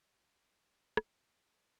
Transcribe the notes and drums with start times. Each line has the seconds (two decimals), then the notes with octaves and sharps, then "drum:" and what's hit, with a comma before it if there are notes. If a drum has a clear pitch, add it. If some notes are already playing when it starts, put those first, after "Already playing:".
0.09 A#2
0.27 A#2
0.50 A2
0.74 A#2
0.97 drum: rim click
1.21 A#2
1.44 A2